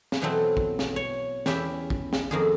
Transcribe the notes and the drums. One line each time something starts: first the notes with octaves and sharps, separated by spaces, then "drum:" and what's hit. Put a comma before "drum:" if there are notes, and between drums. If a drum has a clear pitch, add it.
drum: snare
B2 E3 F#3 A3 C4
drum: kick
drum: snare
C#5
E2 C#4 G4 E5 B5, drum: snare
drum: kick
drum: snare
F2 D#3 A#3 F4 G#4